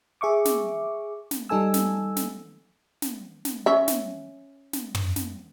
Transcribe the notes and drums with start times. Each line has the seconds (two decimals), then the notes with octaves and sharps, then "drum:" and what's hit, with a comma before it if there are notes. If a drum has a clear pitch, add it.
0.21 G#4 E5 C#6 D6
0.45 drum: snare
1.31 drum: snare
1.49 G3 D#4 A4 G#5 E6
1.74 drum: snare
2.17 drum: snare
3.02 drum: snare
3.45 drum: snare
3.66 C#4 E5
3.88 drum: snare
4.73 drum: snare
4.95 drum: tom
5.16 drum: snare